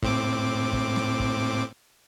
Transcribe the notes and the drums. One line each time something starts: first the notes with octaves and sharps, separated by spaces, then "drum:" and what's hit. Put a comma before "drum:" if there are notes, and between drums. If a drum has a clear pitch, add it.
A2 C4 D6, drum: kick
drum: kick
drum: snare
drum: kick